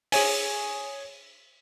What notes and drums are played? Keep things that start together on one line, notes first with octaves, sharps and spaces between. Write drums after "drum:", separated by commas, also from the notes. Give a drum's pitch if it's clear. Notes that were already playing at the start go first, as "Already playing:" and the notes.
G#4 C#5 G#5, drum: open hi-hat